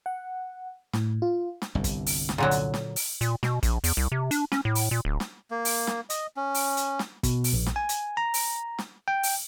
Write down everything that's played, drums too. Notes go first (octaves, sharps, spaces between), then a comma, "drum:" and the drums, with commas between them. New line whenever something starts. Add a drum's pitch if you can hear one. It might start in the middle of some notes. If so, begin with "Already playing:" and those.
F#5
A2, drum: snare
F4
drum: snare
G1 C2 G2
drum: kick, hi-hat
drum: open hi-hat
drum: snare
A#2 D3 F#3
drum: hi-hat
drum: snare
drum: open hi-hat
A#2, drum: hi-hat
B2, drum: snare
A#1, drum: kick, hi-hat
E2, drum: open hi-hat
C2
C3
D4, drum: hi-hat
C#4, drum: snare
A2
drum: open hi-hat
A#2
D1
drum: snare
A#3
drum: open hi-hat
drum: snare
D#5, drum: hi-hat
C#4
drum: open hi-hat
drum: hi-hat
drum: snare
B2, drum: kick, hi-hat
drum: open hi-hat
A#1
drum: snare
G#5
drum: hi-hat
A#5
drum: open hi-hat
drum: snare
G5
drum: open hi-hat